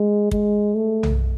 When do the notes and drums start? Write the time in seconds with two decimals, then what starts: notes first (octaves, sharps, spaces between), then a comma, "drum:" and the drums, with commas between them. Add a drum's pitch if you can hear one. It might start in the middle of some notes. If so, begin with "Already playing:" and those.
Already playing: G#3
0.31 G#3, drum: kick
0.75 A3
1.03 drum: tom